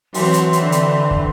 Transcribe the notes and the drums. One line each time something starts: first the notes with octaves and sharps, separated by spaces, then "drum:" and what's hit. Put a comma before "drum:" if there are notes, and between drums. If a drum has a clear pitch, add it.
E3 F#3 C4 C6, drum: open hi-hat
drum: hi-hat
drum: hi-hat
D3
drum: hi-hat
drum: kick